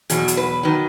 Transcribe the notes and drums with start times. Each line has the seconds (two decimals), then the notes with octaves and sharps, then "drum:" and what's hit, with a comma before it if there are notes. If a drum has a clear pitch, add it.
0.10 E2 B2 F#3 G#4, drum: hi-hat
0.28 drum: hi-hat
0.37 B4
0.63 D#3 F#3